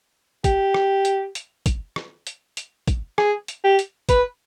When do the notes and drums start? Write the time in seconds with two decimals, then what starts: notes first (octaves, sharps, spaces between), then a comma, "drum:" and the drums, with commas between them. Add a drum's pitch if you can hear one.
0.44 G4, drum: kick, hi-hat
0.74 drum: rim click
1.05 drum: hi-hat
1.35 drum: hi-hat
1.66 drum: kick, hi-hat
1.96 drum: rim click
2.27 drum: hi-hat
2.57 drum: hi-hat
2.88 drum: kick, hi-hat
3.18 G#4, drum: rim click
3.48 drum: hi-hat
3.64 G4
3.79 drum: hi-hat
4.09 B4, drum: kick, hi-hat